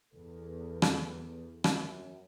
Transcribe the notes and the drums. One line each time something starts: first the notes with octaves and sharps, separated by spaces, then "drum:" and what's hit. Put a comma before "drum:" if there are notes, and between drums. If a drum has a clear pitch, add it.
E2 A4
drum: rim click
F#2, drum: rim click